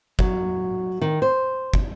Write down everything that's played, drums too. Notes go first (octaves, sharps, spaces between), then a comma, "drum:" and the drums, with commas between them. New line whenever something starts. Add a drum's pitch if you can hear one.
F#3, drum: kick
D#3
C5
drum: kick